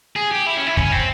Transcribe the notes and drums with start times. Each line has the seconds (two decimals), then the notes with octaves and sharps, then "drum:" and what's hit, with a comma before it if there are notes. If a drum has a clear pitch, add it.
0.16 G#4
0.32 G4
0.47 E4
0.57 C#4
0.67 E4
0.77 C#4, drum: kick
0.92 C4